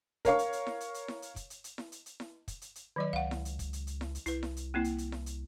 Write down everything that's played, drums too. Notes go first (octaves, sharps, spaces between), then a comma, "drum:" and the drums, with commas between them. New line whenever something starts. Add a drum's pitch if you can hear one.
A#4 C#5 F5 C#6, drum: kick, hi-hat
drum: hi-hat
drum: hi-hat
drum: snare E4
drum: hi-hat
drum: hi-hat
drum: snare E4
drum: hi-hat
drum: kick, hi-hat
drum: hi-hat
drum: hi-hat
drum: snare E4
drum: hi-hat
drum: hi-hat
drum: snare E4
drum: kick, hi-hat
drum: hi-hat
drum: hi-hat
D#3 F#3 D#5
C#2 F5 F#5
drum: snare E4
drum: hi-hat
drum: kick, hi-hat
drum: hi-hat
drum: hi-hat
drum: snare E4
drum: hi-hat
C2 E4 B4, drum: hi-hat
drum: snare E4
drum: hi-hat
A#3 C4 E4
drum: hi-hat
drum: hi-hat
drum: snare E4
drum: hi-hat